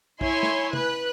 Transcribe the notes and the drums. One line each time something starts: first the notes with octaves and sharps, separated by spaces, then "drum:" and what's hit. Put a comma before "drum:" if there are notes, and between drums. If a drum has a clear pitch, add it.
E4 C#5 G#5 C6, drum: kick
drum: snare
B4 F#6, drum: tom C3